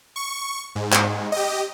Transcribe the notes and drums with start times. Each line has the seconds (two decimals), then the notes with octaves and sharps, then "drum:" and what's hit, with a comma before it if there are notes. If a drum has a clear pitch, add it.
0.16 C#6
0.75 G#2
0.93 drum: clap
1.32 G4 D#5